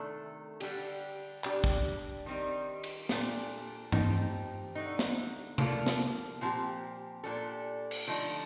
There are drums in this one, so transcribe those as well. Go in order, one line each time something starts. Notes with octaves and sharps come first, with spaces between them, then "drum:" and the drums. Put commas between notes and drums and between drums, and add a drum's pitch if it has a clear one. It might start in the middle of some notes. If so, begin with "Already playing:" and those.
Already playing: C3 D#3 A3 D4 A4
D3 G3 D4 G4, drum: cymbal
G3 D4 G4, drum: clap
drum: kick
D#3 G3 C4 D#4
drum: cymbal
A#2 G3 D4 A4, drum: snare
F3 C4 D#4 G4, drum: tom G2
D3 A3 D#4
drum: snare
F3 A#3 D4 F4 A4, drum: tom C3
drum: snare
A#2 F3 C4 G4
A#2 G3 D4 A4
drum: cymbal
D3 F3 A3 D#4